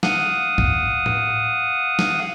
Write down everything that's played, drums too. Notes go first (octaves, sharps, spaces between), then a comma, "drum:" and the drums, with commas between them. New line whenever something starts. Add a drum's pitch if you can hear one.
F5 F#5 D#6, drum: snare
drum: kick
drum: tom A2
drum: snare